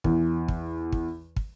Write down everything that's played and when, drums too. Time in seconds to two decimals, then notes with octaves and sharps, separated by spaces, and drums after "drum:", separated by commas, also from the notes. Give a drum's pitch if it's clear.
0.04 E2, drum: kick
0.48 drum: kick
0.92 drum: kick
1.36 drum: kick